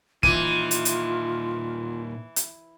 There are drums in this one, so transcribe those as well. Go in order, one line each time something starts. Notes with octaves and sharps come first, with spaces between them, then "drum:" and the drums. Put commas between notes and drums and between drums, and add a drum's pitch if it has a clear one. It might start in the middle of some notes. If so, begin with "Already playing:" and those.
A#2 E3 D#4 F4 D#7, drum: kick
drum: hi-hat
drum: hi-hat
drum: hi-hat